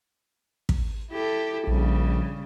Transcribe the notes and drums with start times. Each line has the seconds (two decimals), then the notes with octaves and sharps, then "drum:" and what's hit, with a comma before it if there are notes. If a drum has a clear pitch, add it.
0.69 drum: kick
1.11 E4 G4 A4
1.67 A#1 C#3 G3